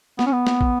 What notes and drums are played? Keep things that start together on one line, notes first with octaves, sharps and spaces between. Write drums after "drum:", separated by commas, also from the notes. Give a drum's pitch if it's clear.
B3, drum: snare
C#4
B3
drum: snare
drum: kick